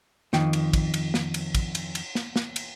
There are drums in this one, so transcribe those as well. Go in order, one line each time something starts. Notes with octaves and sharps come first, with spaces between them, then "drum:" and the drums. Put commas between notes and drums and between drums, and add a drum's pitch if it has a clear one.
F2 D#3 D#4 G5, drum: snare
drum: cymbal
drum: kick, cymbal
drum: cymbal
drum: snare
drum: cymbal
drum: kick, cymbal
drum: cymbal
drum: cymbal
drum: snare
drum: snare
drum: cymbal